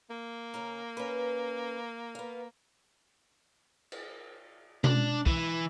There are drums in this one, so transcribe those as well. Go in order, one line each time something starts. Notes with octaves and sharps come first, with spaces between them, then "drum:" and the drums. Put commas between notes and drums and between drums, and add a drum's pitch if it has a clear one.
A#3
C#3 C#4 A#4
C#4 B4
B3 F5
drum: cymbal
D4, drum: tom B2
E3, drum: kick